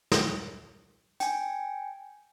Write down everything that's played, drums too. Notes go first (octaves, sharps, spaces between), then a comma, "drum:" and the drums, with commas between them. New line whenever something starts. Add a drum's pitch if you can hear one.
drum: snare
G5 G#5, drum: hi-hat